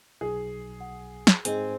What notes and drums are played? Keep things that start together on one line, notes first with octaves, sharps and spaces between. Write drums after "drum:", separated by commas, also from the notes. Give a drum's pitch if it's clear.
B1 G#4
F#5
drum: snare
G#2 C4 G#4 D#5 G#5, drum: hi-hat